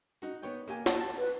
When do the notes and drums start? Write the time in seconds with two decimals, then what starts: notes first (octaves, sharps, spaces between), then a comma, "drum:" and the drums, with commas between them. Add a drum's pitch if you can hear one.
0.22 D#4 F#4
0.42 B3 C#5 G5
0.68 A#3 G4 G#5
0.86 D#2 A5, drum: snare
1.00 A5
1.18 B4